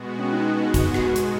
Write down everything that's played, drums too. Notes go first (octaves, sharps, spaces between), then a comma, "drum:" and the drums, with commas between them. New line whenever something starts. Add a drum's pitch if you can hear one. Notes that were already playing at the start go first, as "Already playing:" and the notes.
Already playing: B2 G#3 B3 F#4
C#4
D#4
drum: kick, hi-hat
B2 G#3 D#4 F#4 G#4, drum: rim click
drum: hi-hat